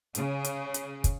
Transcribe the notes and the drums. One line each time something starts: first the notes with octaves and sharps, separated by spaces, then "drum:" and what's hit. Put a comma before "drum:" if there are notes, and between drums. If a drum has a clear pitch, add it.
C#3 G#4, drum: hi-hat
drum: hi-hat
drum: hi-hat
drum: kick, hi-hat